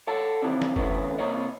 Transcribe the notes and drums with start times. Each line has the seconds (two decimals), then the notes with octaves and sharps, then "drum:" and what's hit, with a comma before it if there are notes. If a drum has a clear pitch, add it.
0.07 A4 C#5 F#5 A5
0.42 C3 D#3 E3 C4 D4
0.62 drum: snare
0.76 A2 D3 E3 B3 C#4, drum: kick F#1
1.19 C3 A#3 C#5 D#5